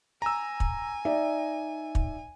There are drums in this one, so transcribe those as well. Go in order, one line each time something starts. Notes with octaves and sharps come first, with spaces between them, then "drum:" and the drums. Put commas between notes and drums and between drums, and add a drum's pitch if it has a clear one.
G#5 A#5 E6
drum: kick
D#4 D5 E5
drum: kick